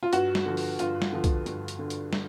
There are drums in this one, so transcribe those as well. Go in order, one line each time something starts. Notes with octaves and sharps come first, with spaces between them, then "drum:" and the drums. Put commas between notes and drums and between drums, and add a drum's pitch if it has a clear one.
F4
G2 F#4, drum: hi-hat
drum: snare
D3 F3
drum: open hi-hat
G2 F4, drum: hi-hat
drum: snare
D3 F3
drum: kick B1, hi-hat
G2, drum: hi-hat
drum: hi-hat
D3
drum: hi-hat
drum: snare